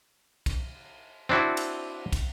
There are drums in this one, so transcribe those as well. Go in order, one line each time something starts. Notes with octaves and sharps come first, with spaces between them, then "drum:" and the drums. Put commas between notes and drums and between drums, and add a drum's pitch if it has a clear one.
drum: kick, cymbal
C4 D4 E4 F#4
drum: cymbal
drum: kick, cymbal